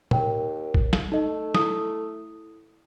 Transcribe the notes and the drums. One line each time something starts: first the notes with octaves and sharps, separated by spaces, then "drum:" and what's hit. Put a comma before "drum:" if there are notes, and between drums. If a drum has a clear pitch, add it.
D#2 A#4 G5, drum: tom
drum: kick
drum: snare
A3 D#4 D#5
E4 D#6, drum: snare